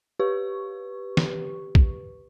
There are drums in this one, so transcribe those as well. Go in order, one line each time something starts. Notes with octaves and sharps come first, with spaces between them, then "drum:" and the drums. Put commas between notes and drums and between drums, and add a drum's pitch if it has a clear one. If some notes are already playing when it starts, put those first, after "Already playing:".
G4 B4 C#6
drum: snare
drum: kick